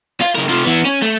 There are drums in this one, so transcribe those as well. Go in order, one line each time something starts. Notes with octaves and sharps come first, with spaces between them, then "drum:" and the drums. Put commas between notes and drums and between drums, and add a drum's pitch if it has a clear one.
F4, drum: open hi-hat
C#3 A#4
C3 F3
E3 B3
C#4
A3